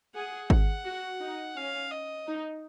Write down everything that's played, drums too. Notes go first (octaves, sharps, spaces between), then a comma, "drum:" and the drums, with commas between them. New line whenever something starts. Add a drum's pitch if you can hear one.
G#4 F#5
F#5, drum: kick G#1
F#4
D#4
C#4 F5
D#5
D#4